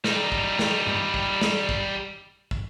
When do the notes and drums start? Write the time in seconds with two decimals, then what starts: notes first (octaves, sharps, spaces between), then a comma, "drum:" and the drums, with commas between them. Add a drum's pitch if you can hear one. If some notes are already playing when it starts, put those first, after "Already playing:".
0.04 G3 D#4, drum: snare
0.32 drum: kick
0.59 drum: snare
0.87 drum: tom F#2
1.14 drum: kick
1.41 drum: snare
1.69 drum: kick
2.51 drum: kick